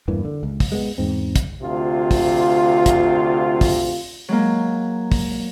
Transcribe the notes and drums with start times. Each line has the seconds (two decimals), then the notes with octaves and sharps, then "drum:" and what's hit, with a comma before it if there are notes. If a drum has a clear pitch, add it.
0.08 E2 G2 E3 A#3
0.25 D3
0.43 C#2
0.60 drum: kick, open hi-hat
0.72 G#3 A3 B3
0.98 E2 G#2 C4
1.36 drum: kick, hi-hat
1.62 D2 C3 F4
2.11 drum: kick, open hi-hat
2.86 drum: kick, hi-hat
3.61 drum: kick, open hi-hat
4.29 F#3 G#3 A#3
5.12 drum: kick, open hi-hat